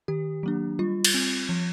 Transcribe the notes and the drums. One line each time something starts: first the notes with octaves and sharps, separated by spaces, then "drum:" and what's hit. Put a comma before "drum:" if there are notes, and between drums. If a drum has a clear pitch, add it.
D#3 G4
F#3 A#3 D4
G3 F4
drum: cymbal
C4
F3